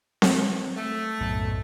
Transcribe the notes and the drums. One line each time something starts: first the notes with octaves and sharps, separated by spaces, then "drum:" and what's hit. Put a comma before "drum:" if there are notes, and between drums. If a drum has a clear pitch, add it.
drum: snare C4
A3
B1 F#2 A2